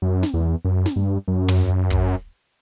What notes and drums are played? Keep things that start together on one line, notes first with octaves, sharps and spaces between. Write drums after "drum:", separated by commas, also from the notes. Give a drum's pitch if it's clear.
F#2
drum: snare
E2
F#2
drum: snare
G2
F#2
drum: tom
drum: kick